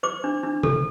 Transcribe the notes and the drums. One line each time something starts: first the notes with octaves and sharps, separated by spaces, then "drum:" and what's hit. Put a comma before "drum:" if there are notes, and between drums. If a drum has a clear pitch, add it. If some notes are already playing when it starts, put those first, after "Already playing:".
C5 D6
D4
D4
A4, drum: tom C3